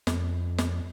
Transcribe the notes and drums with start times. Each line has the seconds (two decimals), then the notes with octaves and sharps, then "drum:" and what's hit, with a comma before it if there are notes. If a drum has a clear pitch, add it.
0.07 F2, drum: snare
0.58 drum: snare